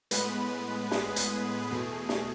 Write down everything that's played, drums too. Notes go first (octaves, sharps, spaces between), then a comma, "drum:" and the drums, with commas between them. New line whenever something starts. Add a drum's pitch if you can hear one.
A2 G#3 B3 B4, drum: hi-hat
G#4, drum: snare
drum: hi-hat
E2 B2 A3
drum: snare